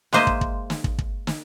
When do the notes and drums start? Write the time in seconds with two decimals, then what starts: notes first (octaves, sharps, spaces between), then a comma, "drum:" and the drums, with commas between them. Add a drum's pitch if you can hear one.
0.13 G#3 A#3 C5 D#5 E5, drum: snare
0.27 drum: kick
0.41 drum: kick
0.70 drum: snare
0.84 drum: kick
0.98 drum: kick
1.27 drum: snare